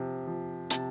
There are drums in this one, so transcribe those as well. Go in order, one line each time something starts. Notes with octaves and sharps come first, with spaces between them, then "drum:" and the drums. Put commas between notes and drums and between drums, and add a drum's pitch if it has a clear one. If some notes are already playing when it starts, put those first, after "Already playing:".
Already playing: C3 F3
F3
C3 A5, drum: hi-hat